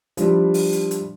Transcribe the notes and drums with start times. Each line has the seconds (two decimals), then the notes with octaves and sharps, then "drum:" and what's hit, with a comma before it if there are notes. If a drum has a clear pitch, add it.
0.17 F3 G3 D4 E4, drum: hi-hat
0.54 drum: open hi-hat
0.72 drum: hi-hat
0.91 drum: hi-hat